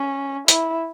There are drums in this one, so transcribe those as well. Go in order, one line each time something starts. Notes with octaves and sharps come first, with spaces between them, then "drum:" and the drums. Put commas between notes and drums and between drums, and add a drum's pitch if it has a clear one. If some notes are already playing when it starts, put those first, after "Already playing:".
Already playing: C#4
E4, drum: hi-hat